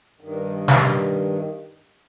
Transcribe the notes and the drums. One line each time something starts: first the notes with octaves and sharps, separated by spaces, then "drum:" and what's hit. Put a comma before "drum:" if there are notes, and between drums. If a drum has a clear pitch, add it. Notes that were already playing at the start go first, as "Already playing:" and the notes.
G2 D#3
drum: snare